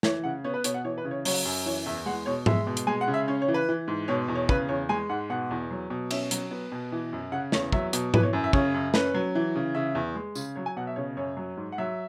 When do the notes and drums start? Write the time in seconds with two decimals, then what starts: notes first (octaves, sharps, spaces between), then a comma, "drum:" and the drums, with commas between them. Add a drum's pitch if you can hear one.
0.03 E3 C#5, drum: snare
0.24 C#3 F#5
0.44 B3 C#5
0.54 B4
0.64 B2 C#5, drum: hi-hat
0.74 F#5
0.85 E3 C#5
0.98 B4
1.04 C#3
1.11 C#5
1.25 F#3 C#5, drum: open hi-hat
1.45 F#2
1.66 E3 C#5
1.86 E2 E5
2.06 G#3 F#5
2.26 B2 C#5
2.46 G#3 E5, drum: tom G#2
2.67 B2
2.77 drum: hi-hat
2.87 G#3 G#5
3.01 F#5
3.08 C#3
3.14 E5
3.28 C#4 C#5
3.42 C#5
3.48 E3
3.54 B4
3.69 E3
3.88 G#2
4.08 B2 C#5
4.28 E2
4.35 C#5
4.49 C#3 B4, drum: kick
4.69 E2 C#5
4.89 G#3 G#5
5.09 G#2 F#5
5.30 B2 F#5
5.51 E2
5.71 F#3
5.90 B2
6.11 C#4 E5, drum: cymbal
6.31 F#3, drum: hi-hat
6.51 B3
6.72 B2
6.92 E3
7.13 F#2
7.32 C#3 F#5
7.52 E2 C#5, drum: snare
7.72 F#3 E5, drum: kick
7.93 B2, drum: hi-hat
8.14 E3 B4, drum: tom G#2
8.23 C#5
8.33 F#2
8.44 E5
8.53 C#3 C#5, drum: kick
8.74 F#2
8.94 C#4 B4, drum: snare
9.14 F#3
9.35 E3
9.55 C#3
9.75 C#3 E5
9.95 E2
10.15 G#3
10.35 C#3, drum: tambourine
10.56 F#3 C#5
10.66 G#5
10.77 B2 F#5
10.87 E5
10.96 C#3 C#5
11.17 F#2 C#5
11.37 F#3
11.57 G#2
11.72 F#5
11.78 F#3 E5